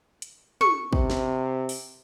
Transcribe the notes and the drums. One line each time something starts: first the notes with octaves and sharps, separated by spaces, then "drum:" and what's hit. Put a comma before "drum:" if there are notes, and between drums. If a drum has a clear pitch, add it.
drum: hi-hat
C#6, drum: tom
C3, drum: kick
drum: snare
drum: open hi-hat